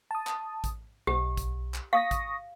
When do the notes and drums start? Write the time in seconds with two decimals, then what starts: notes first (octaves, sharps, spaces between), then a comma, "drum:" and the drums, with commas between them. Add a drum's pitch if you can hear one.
0.11 A5 D#6
0.27 drum: clap
0.64 drum: kick A1, hi-hat
1.07 B1 G4
1.37 drum: kick A1, hi-hat
1.74 drum: clap
1.93 F5 C#6 D#6 A#6
2.11 drum: kick A1, hi-hat